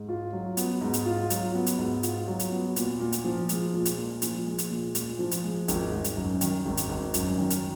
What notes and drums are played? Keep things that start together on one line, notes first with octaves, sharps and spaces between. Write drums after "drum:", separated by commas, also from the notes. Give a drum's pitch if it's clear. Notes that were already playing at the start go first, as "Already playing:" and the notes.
Already playing: G#2
F4
F#3
B3, drum: hi-hat
G#2
drum: hi-hat
F4
F#3, drum: hi-hat
B3
drum: hi-hat
G#2
F4, drum: hi-hat
F#3
drum: hi-hat
B3
A#2, drum: hi-hat
A#2
drum: hi-hat
F3
G#3, drum: hi-hat
A#2
drum: hi-hat
A#2
F3, drum: hi-hat
G#3
drum: hi-hat
A#2
A#2, drum: hi-hat
F3
drum: hi-hat
G#3
G#1, drum: hi-hat
G#1
drum: hi-hat
F#2
D#3, drum: hi-hat
G#1
drum: hi-hat
G#1
F#2, drum: hi-hat
D#3
drum: hi-hat